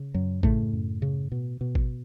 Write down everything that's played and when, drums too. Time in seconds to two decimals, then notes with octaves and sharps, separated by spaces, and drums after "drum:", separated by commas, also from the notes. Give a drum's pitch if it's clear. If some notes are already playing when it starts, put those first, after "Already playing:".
Already playing: C#3
0.14 F#2 F#3
0.43 A2 C#3 A3, drum: kick G#1
0.73 F#2
1.02 C#3
1.32 B2
1.61 B2
1.75 drum: kick G#1